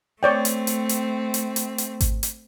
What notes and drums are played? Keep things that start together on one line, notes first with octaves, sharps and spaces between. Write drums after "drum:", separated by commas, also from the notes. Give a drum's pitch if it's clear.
A3 C4 C#5 D5 G5
drum: hi-hat
drum: hi-hat
drum: hi-hat
drum: hi-hat
drum: hi-hat
drum: hi-hat
drum: kick G#1, hi-hat
drum: hi-hat